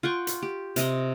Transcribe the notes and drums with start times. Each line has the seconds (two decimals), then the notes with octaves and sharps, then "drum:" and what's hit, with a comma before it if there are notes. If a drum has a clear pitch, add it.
0.03 F4 F#5 G5 C#6
0.27 drum: hi-hat
0.42 G4
0.76 C3 A#4 D#5, drum: hi-hat